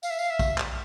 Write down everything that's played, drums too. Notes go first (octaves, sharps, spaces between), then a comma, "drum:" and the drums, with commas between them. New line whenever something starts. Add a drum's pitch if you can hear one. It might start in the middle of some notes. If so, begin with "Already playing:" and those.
F5, drum: tambourine
E5
F5, drum: tambourine
E5
drum: kick, tambourine
drum: clap